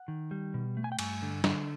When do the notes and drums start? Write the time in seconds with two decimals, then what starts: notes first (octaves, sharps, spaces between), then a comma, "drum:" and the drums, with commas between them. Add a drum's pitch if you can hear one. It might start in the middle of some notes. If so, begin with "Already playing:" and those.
Already playing: F#5
0.08 D#3
0.31 G3
0.54 B2
0.77 A3
0.84 G#5
0.92 G5
0.99 G2 G#5, drum: cymbal
1.22 D3
1.44 D3, drum: snare